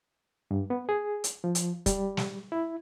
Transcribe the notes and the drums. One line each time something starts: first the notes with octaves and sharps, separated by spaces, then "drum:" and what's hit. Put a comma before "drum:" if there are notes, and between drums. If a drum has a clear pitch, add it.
G2
B3
G#4
drum: hi-hat
F3
drum: hi-hat
G3, drum: kick, hi-hat
drum: snare
E4